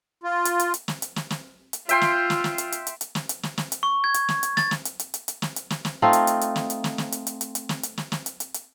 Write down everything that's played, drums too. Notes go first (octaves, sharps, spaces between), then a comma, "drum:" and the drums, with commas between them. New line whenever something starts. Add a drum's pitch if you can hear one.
F4
drum: hi-hat
drum: hi-hat
drum: hi-hat
drum: snare
drum: hi-hat
drum: snare
drum: snare
drum: hi-hat
F4 E5 G5 C6, drum: hi-hat
drum: snare
drum: snare
drum: snare
drum: hi-hat
drum: hi-hat
drum: hi-hat
drum: hi-hat
drum: snare
drum: hi-hat
drum: snare
drum: snare
drum: hi-hat
C#6
G#6
drum: hi-hat
drum: snare
drum: hi-hat
A6, drum: snare
drum: snare
drum: hi-hat
drum: hi-hat
drum: hi-hat
drum: hi-hat
drum: snare
drum: hi-hat
drum: snare
drum: snare
A3 C4 D#4 F4
drum: hi-hat
drum: hi-hat
drum: hi-hat
drum: snare
drum: hi-hat
drum: snare
drum: snare
drum: hi-hat
drum: hi-hat
drum: hi-hat
drum: hi-hat
drum: snare
drum: hi-hat
drum: snare
drum: snare
drum: hi-hat
drum: hi-hat
drum: hi-hat